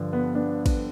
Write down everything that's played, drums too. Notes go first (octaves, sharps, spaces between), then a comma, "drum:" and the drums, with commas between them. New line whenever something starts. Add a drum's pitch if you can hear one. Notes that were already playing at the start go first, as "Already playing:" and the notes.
Already playing: G2 D3 F3
B3
B3 D4
drum: kick, cymbal